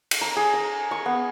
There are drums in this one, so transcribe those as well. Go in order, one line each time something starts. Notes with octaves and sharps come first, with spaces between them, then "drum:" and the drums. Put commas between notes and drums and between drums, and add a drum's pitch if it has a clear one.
drum: cymbal
A#5
G#4
A#5
C#6
B3